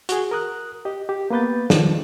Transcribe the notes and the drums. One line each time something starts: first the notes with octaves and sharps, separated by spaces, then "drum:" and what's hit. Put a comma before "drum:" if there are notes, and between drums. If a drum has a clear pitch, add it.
F#4 G#4, drum: hi-hat
A#4 D#6 F#6
G4 D#5
G4
A#3 B3 B4 G6 A6
D#3 F3 D4, drum: snare